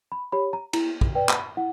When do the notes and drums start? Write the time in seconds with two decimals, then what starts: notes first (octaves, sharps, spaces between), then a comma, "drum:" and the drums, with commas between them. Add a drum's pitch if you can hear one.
0.12 B5
0.32 G4 C#5 B5
0.53 A#5
0.73 E4 A#5, drum: cymbal
1.01 drum: kick
1.15 B4 D5 G5
1.29 drum: clap
1.57 E4 F#5